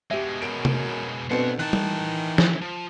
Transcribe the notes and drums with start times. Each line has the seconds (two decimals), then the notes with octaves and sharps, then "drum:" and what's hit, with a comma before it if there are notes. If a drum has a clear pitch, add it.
0.11 B2 G#3 G4 E5
0.42 F#2 D7
0.65 drum: tom C3
1.30 D2 B2 B3 C4 C5 F#5
1.59 D#3 E3 A5 F#6
1.73 drum: tom G3
2.38 drum: snare
2.61 F3